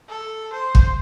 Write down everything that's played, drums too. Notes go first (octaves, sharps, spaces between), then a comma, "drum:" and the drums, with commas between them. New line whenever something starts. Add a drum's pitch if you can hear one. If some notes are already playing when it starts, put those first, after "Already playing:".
A4
C5
drum: kick